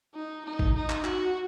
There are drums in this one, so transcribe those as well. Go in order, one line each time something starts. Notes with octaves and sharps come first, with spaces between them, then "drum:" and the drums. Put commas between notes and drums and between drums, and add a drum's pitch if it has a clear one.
D#4
D#4
drum: kick
D#4
drum: clap
F#4, drum: clap